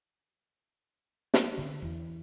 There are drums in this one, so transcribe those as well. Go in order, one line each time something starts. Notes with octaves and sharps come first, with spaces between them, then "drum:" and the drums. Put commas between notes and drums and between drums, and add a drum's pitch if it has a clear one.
drum: snare
D3
E2